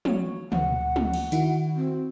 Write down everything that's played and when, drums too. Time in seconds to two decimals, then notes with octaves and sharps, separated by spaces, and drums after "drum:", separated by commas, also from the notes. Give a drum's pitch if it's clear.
0.05 F#3 C#5, drum: tom
0.52 D2 F#5, drum: tom
0.96 drum: tom
1.14 drum: cymbal
1.32 D#3 E4 F#4, drum: hi-hat
1.76 C4